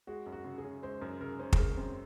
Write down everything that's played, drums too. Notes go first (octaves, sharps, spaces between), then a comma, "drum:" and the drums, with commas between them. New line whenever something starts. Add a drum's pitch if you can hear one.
G#3 F#4
F#2
F#4
C#3
G#4
C#4
G#3 C5
F#2 A#4
C#3 A#4
C#4 C5
G#4, drum: kick
G#3 A#4
F#2 C4